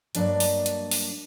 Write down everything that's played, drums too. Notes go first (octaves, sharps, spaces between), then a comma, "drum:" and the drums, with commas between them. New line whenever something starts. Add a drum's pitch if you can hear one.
G2 F#3 A#3 D4 D5 D#5, drum: hi-hat
drum: open hi-hat
drum: hi-hat
drum: open hi-hat